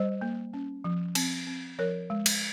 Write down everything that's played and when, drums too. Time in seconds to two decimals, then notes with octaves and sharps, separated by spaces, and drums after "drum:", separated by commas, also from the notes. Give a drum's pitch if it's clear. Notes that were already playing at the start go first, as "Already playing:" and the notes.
Already playing: G3 C5 D#5
0.21 A#3
0.53 C#4
0.84 F3
1.15 C4, drum: cymbal
1.47 C4
1.78 F3 A#4 C#5
2.10 G#3
2.26 drum: cymbal